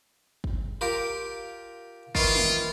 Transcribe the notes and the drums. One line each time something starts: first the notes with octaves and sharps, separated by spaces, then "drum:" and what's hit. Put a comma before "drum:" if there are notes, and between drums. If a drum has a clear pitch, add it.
drum: kick
F4 G4 A#4
D#3 E3 F4, drum: kick
drum: tom